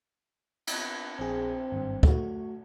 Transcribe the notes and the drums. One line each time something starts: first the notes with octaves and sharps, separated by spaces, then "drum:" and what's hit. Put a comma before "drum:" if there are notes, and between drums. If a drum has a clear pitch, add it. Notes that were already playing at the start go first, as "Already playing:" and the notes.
drum: cymbal
A#1 C4 G#4
G#1 G2
A3 F#4, drum: kick